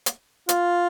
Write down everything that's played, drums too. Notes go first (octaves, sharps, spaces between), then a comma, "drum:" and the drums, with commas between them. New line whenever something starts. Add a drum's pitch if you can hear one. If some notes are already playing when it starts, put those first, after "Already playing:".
drum: hi-hat
F4, drum: hi-hat